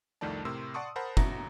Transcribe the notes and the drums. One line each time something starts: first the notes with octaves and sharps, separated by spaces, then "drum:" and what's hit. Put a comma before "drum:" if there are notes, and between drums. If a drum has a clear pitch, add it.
C2 F2 D#3 A3 D5 A5
A2 C3 A#4 C6 E6
D5 F#5 A5 C6 C#6 D#6
A#4 C5 F#5 A5 B5
A1 F#4 E5 A#5 A#6, drum: kick